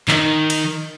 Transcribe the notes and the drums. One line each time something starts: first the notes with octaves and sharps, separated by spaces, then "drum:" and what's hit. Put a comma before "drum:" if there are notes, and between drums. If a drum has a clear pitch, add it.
D#3 D#4, drum: clap
drum: cymbal